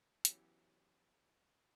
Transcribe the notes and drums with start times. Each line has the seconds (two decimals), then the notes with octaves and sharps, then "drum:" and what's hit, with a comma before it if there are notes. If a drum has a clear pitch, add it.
0.25 E3 F#3 B3 C#4 G4, drum: hi-hat